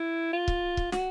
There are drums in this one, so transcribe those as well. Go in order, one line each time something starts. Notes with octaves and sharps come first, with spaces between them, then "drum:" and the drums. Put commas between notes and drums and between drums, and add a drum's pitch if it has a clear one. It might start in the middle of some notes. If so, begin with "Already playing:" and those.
Already playing: E4
F4
drum: kick
drum: kick
F#4, drum: snare